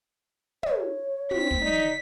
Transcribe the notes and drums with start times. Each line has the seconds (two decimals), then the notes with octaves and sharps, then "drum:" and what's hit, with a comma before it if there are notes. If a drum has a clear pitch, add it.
0.63 C#5, drum: tom
1.31 C4 B6, drum: tom
1.51 drum: kick
1.61 D#4 D5